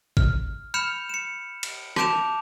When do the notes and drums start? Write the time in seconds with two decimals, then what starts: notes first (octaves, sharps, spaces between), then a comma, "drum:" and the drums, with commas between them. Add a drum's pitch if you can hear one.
0.17 F6, drum: kick
0.74 B5 F6 G6 C#7 E7 F7
1.09 C#7 E7
1.63 drum: cymbal
1.96 A5 D6 G6 D7 E7 F7, drum: rim click